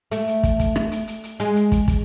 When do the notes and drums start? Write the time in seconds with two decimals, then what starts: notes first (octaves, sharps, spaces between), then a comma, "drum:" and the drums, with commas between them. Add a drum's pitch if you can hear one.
0.11 A3, drum: hi-hat
0.27 drum: hi-hat
0.43 drum: kick, hi-hat
0.60 drum: kick, hi-hat
0.76 drum: rim click
0.92 drum: hi-hat
1.08 drum: hi-hat
1.24 drum: hi-hat
1.40 G#3, drum: hi-hat
1.56 drum: hi-hat
1.72 drum: kick, hi-hat
1.88 drum: kick, hi-hat